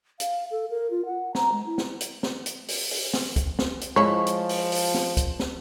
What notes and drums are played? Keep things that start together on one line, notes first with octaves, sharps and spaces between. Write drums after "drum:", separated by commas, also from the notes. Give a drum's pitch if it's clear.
F5, drum: hi-hat
A4
A#4
F4
F#5
A#5, drum: snare
G#3
E4
drum: snare
drum: hi-hat
drum: snare
drum: hi-hat
drum: open hi-hat
drum: open hi-hat
drum: snare
drum: kick, hi-hat
drum: snare
drum: hi-hat
F3 G#3 E4 C#5
drum: hi-hat
drum: open hi-hat
drum: open hi-hat
drum: snare
drum: kick, hi-hat
drum: snare